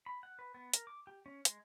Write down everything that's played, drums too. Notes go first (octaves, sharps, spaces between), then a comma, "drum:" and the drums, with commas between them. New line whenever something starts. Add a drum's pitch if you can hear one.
B5
F#5
B4
B3
A#4, drum: hi-hat
D6
G4
C#4
G#3, drum: hi-hat